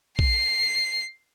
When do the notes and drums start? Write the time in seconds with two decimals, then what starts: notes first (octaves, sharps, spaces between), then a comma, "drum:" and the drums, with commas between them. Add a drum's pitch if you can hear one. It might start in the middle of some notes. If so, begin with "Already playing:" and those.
0.19 C7, drum: kick